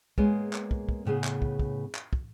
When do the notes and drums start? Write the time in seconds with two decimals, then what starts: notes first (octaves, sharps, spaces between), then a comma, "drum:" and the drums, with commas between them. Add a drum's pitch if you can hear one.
0.18 G#3 A#3 B3 G#4 C#5, drum: kick
0.53 drum: clap
0.71 drum: kick
0.89 drum: kick
1.05 A2 C#3 B3 G#4
1.24 drum: clap
1.42 drum: kick
1.59 drum: kick
1.95 drum: clap
2.13 drum: kick